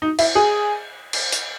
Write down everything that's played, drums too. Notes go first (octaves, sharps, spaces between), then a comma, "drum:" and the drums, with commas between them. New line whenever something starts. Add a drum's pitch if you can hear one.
D#4
E4, drum: cymbal
G#4
drum: cymbal
drum: hi-hat